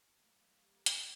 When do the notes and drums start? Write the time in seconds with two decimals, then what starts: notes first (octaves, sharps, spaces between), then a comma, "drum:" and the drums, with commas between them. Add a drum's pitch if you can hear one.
0.20 F#3 A3 A#3
0.61 G4
0.86 drum: hi-hat